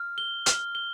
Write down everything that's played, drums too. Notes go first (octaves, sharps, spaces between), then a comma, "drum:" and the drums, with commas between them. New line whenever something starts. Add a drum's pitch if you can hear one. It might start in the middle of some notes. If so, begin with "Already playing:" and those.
Already playing: F6
G7
F6, drum: hi-hat
G7